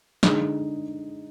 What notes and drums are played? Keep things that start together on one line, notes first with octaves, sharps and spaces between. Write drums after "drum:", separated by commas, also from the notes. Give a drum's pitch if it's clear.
D3 G#3 D#4 G#4, drum: snare